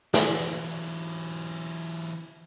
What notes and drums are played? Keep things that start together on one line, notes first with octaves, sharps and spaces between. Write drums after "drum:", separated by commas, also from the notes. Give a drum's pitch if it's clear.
E3 F#3, drum: snare